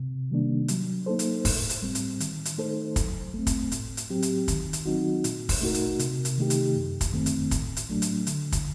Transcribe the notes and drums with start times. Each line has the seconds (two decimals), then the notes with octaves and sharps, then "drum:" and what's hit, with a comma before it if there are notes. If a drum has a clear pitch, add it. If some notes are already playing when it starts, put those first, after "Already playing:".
Already playing: C3
0.31 D#3 G3 A#3 D4
0.68 F#3, drum: hi-hat
1.06 A#3 D#4 A4 C5
1.19 drum: hi-hat
1.45 A2, drum: kick, open hi-hat
1.70 drum: hi-hat
1.82 G3 C4
1.95 drum: hi-hat
2.20 D#3, drum: hi-hat
2.45 drum: hi-hat
2.58 A3 D#4 A4 C5
2.96 F#3, drum: kick, hi-hat
3.34 A3 C4
3.47 drum: kick, hi-hat
3.72 A2, drum: hi-hat
3.97 drum: hi-hat
4.10 F#3 C4 G4
4.22 drum: hi-hat
4.48 D#3, drum: kick, hi-hat
4.73 drum: hi-hat
4.85 F#3 C4 D#4 F#4
5.24 A#2, drum: hi-hat
5.49 drum: kick, open hi-hat
5.62 A3 D#4 F#4 A#4
5.74 drum: hi-hat
5.99 C3, drum: hi-hat
6.25 drum: hi-hat
6.38 D#3 A3 D#4 G4
6.50 drum: hi-hat
6.76 F#2
7.01 drum: kick, hi-hat
7.13 D#3 A3 C4
7.26 drum: hi-hat
7.51 A2, drum: kick, hi-hat
7.77 drum: hi-hat
7.90 F#3 A3 D4
8.02 drum: hi-hat
8.27 D3, drum: hi-hat
8.52 drum: kick, hi-hat